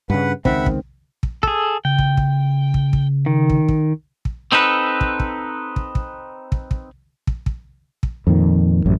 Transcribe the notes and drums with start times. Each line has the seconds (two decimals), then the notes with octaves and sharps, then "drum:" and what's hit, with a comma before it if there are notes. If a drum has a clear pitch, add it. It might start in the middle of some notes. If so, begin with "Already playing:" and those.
0.10 G2 C#3 B4 F#5
0.45 C#2 D#3 C4 E5 F#5 B5, drum: kick
0.66 drum: kick
1.23 drum: kick
1.43 G#4 A4, drum: kick
1.85 C#3 G5
1.99 drum: kick
2.17 drum: kick
2.74 drum: kick
2.93 drum: kick
3.26 D#3
3.50 drum: kick
3.69 drum: kick
4.25 drum: kick
4.52 C4 D#4 A4 B4
5.01 drum: kick
5.20 drum: kick
5.76 drum: kick
5.95 drum: kick
6.52 drum: kick
6.71 drum: kick
7.27 drum: kick
7.46 drum: kick
8.03 drum: kick
8.27 F2 A#2 D#3
8.86 A1 F#2